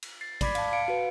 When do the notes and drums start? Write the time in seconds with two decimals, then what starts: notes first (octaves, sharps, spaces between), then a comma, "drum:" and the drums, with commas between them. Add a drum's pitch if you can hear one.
0.02 drum: cymbal
0.21 A6 C7
0.41 D5 B5 D6 G#6 B6, drum: kick A1, cymbal
0.55 F5 A5, drum: cymbal
0.73 F5 C#7 D7
0.88 F#4 B4